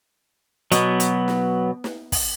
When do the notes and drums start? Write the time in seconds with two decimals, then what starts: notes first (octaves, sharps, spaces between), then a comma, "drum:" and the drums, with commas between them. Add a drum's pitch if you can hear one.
0.72 B2 F#3 B3, drum: hi-hat
1.00 drum: hi-hat
1.28 drum: snare
1.84 drum: snare
2.12 drum: kick, open hi-hat